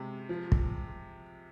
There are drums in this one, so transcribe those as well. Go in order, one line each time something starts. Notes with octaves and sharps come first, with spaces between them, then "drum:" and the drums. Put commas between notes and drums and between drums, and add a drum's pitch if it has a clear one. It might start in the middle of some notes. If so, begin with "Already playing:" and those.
Already playing: C3 G#3
F3
drum: kick